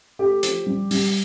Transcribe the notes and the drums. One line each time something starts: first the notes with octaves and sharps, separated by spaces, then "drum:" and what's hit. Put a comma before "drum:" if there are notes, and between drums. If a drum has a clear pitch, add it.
A3 G4
F3, drum: hi-hat
G3
G3, drum: open hi-hat